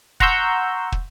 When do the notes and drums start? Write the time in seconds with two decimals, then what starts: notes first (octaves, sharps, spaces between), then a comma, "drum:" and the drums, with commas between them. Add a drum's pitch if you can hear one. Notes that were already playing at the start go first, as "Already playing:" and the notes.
0.20 F#5 A#5 C6 C#6 E6 G6, drum: kick
0.92 drum: kick